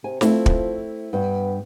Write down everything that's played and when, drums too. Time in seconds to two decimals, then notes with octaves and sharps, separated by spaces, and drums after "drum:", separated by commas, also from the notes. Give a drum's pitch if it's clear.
0.04 C3 G#5
0.21 F3 A3 C4 E4, drum: snare
0.46 drum: kick
1.13 G2 G3 B3